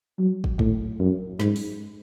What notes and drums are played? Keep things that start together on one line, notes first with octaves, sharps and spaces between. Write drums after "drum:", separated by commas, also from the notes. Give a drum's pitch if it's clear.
F#3
drum: kick
A2, drum: kick
F#2
G#2, drum: snare
drum: open hi-hat